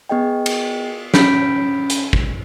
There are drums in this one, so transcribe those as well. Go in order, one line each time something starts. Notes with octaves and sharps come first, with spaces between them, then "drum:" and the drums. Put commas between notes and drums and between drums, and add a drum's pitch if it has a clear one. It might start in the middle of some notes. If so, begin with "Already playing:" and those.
B3 G#4 D#5 G5
drum: cymbal
C#4 B5 G6 B6 D7, drum: snare
drum: hi-hat
drum: kick